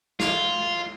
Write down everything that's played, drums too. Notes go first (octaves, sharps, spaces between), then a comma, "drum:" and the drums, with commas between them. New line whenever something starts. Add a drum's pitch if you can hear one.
F4, drum: snare